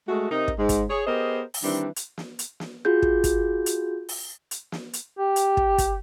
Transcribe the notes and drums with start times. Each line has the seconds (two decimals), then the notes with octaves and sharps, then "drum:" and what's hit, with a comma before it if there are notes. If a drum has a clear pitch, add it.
0.09 G#3 A3 F#4
0.31 C3 D#4 A#4
0.48 drum: kick
0.59 G#2 G#3
0.69 drum: kick, hi-hat
0.90 G#4 C#5
1.07 B3 G4 G#4 A#4 C5 D#5
1.54 drum: open hi-hat
1.64 D#3 E3 G3 C4 D4
1.96 drum: hi-hat
2.18 drum: snare
2.39 drum: hi-hat
2.60 drum: snare
2.85 F4 F#4 G#4 G6
3.02 drum: kick
3.24 drum: kick, hi-hat
3.66 drum: hi-hat
4.09 drum: open hi-hat
4.51 drum: hi-hat
4.72 drum: snare
4.93 drum: hi-hat
5.18 G4
5.36 drum: hi-hat
5.57 drum: kick
5.78 drum: kick, hi-hat